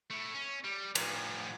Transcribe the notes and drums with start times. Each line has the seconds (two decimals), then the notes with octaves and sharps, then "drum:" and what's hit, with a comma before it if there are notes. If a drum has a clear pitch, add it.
0.11 A3 E4
0.35 C#4
0.64 G3
0.95 A2 F3, drum: cymbal